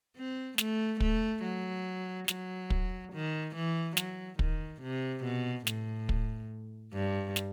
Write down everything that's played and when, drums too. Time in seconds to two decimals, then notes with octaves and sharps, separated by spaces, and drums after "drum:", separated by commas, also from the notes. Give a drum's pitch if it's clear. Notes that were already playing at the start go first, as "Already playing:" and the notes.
0.16 C4
0.58 A3, drum: snare
1.00 A3, drum: kick
1.43 F#3
2.28 F#3, drum: snare
2.70 drum: kick
3.13 D#3
3.56 E3
3.97 F#3, drum: snare
4.39 D#3, drum: kick
4.82 C3
5.24 B2
5.67 A2, drum: snare
6.09 drum: kick
6.93 G2
7.36 drum: snare